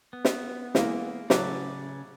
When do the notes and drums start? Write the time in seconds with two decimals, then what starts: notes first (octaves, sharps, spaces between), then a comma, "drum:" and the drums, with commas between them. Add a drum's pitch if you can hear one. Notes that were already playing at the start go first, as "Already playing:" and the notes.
0.13 B3
0.25 drum: snare
0.75 E3 G#3 A#3, drum: snare
1.30 A2 C#3 F#3 D5 D6, drum: snare